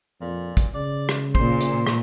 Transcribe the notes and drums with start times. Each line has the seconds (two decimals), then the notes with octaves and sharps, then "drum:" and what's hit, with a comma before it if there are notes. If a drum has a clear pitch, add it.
0.21 F2 A#2
0.57 drum: kick, hi-hat
0.74 C#3 D5
1.09 drum: rim click
1.35 A#2 C5, drum: kick
1.61 drum: hi-hat
1.87 drum: rim click